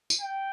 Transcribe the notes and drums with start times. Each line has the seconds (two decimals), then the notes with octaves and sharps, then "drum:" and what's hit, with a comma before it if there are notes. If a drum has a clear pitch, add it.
0.10 drum: tambourine
0.21 G5